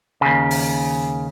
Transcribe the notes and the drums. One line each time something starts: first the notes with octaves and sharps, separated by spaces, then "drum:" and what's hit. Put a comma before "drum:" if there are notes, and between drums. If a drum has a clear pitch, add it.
D#2 C#3
drum: open hi-hat